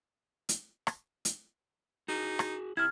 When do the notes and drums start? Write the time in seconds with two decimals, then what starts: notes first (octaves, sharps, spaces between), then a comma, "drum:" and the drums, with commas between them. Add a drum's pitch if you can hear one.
0.49 drum: hi-hat
0.87 drum: rim click
1.25 drum: hi-hat
2.09 D#4 F#4 G#4
2.39 drum: rim click
2.77 C3 E4 F6 G#6